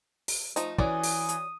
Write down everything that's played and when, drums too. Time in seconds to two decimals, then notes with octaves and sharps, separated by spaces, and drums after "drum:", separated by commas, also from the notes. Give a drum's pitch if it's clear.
0.28 drum: open hi-hat
0.56 F3 A3 D#4, drum: hi-hat
0.78 E3 C#4 F#4 D5 G#5 D#6, drum: kick
1.04 drum: open hi-hat
1.29 drum: hi-hat